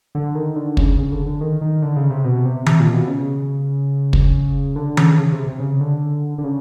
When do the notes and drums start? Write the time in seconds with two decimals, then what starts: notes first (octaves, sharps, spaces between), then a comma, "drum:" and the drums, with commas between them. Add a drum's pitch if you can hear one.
0.15 D3
0.35 D#3
0.56 D3
0.77 C#3, drum: kick
0.98 C#3
1.12 D3
1.26 D3
1.41 D#3
1.61 D#3
1.82 D3
1.96 C#3
2.10 C3
2.24 B2
2.45 C3
2.66 C3, drum: tom D#3
2.80 A#2
2.94 B2
3.07 C#3
4.13 drum: kick
4.76 D3
4.97 C#3, drum: tom D#3
5.18 C#3
5.32 C3
5.47 C3
5.60 C#3
5.80 D3
6.38 D3
6.44 C#3